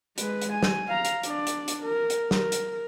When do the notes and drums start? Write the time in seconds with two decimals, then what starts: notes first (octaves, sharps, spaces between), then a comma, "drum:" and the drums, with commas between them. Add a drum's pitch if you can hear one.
0.18 G#3 B4, drum: hi-hat
0.42 drum: hi-hat
0.53 G#5
0.63 drum: snare
0.88 F5 A#5
1.05 drum: hi-hat
1.23 D4 D5, drum: hi-hat
1.47 drum: hi-hat
1.68 drum: hi-hat
1.83 A#4
2.10 drum: hi-hat
2.31 A#4, drum: snare
2.52 drum: hi-hat